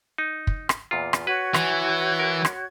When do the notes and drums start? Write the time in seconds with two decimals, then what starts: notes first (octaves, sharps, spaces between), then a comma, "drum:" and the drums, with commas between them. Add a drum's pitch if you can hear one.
0.18 D#4
0.47 drum: kick
0.69 drum: rim click
0.91 E2 A#2 F4
1.13 drum: rim click
1.27 F#4 B4 C#5 G#6
1.54 E3, drum: rim click
2.19 A#4
2.45 drum: rim click